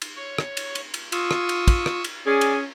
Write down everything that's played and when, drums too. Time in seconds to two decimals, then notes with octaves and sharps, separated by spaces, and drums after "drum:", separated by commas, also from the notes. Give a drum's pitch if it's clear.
0.02 drum: cymbal
0.16 C#5
0.38 drum: rim click
0.57 drum: cymbal
0.75 drum: cymbal
0.94 drum: cymbal
1.12 F4 C#6 D#6 E6, drum: cymbal
1.31 drum: rim click
1.49 drum: cymbal
1.68 drum: kick, cymbal
1.86 drum: rim click
2.04 drum: cymbal
2.26 C#4 G#4 D5
2.41 drum: cymbal